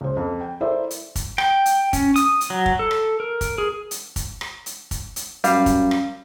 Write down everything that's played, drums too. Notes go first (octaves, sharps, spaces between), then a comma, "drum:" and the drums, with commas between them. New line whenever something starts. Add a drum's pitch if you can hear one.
C#2 C5
F2
G5
E4 A4 A#4 C5 D5 E5
drum: hi-hat
drum: kick, hi-hat
G5, drum: rim click
drum: hi-hat
C#4, drum: kick, hi-hat
D#6, drum: hi-hat
drum: hi-hat
F#3
drum: kick
A4
drum: rim click
A#4
drum: kick, hi-hat
G#4
drum: hi-hat
drum: kick, hi-hat
drum: rim click
drum: hi-hat
drum: kick, hi-hat
drum: hi-hat
F#2 G3 F5, drum: hi-hat
drum: kick, hi-hat
drum: rim click